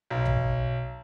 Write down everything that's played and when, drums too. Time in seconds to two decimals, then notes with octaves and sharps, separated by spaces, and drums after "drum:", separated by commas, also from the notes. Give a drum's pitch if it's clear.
0.10 B1
0.25 drum: tom A1